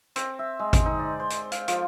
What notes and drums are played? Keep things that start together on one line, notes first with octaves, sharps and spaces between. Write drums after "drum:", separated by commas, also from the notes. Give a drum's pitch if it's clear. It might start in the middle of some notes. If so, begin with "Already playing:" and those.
C4, drum: hi-hat
E5
G#3
drum: kick G#1, hi-hat
D#4
D5
C5
drum: hi-hat
F5, drum: hi-hat
F3, drum: hi-hat